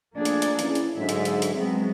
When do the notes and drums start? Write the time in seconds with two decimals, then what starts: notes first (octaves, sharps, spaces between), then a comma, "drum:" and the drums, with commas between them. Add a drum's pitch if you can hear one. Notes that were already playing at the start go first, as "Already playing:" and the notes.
0.15 F3 A3 A#3 D4 G#4 D5
0.25 drum: hi-hat
0.42 drum: hi-hat
0.59 E3 C#4, drum: hi-hat
0.75 drum: hi-hat
0.97 G#2 D3 F#3 E5
1.09 drum: hi-hat
1.25 drum: hi-hat
1.42 drum: hi-hat
1.54 F#3 G#3 B3 C4 G#4